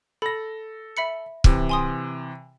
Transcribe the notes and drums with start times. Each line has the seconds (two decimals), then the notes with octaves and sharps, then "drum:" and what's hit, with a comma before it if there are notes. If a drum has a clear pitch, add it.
0.22 A4 B5 A#6
0.97 E5 B5 C#7
1.44 C3 E3, drum: kick
1.69 G#5 C6 D#6